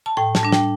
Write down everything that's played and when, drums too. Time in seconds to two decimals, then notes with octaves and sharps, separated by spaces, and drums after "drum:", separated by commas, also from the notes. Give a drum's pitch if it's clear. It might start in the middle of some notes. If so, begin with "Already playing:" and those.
0.06 A5
0.17 A2 G5
0.35 A5, drum: snare
0.43 G3 D4
0.52 G5, drum: snare